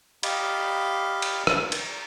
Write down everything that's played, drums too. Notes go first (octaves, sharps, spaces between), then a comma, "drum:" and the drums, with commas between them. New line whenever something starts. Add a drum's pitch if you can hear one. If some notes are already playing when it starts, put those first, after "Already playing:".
G4 D#5 F5 B5, drum: cymbal
drum: cymbal
drum: rim click
drum: cymbal